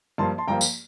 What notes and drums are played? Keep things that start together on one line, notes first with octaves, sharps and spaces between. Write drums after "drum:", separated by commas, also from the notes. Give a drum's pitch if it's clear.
G2 F3 A#3 A5 C6
A5 C6
G2 F3 A#3 G5 A#5
drum: tambourine